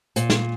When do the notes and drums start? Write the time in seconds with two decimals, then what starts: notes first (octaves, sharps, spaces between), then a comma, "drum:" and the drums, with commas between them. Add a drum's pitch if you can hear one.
0.16 A#2, drum: hi-hat
0.30 drum: snare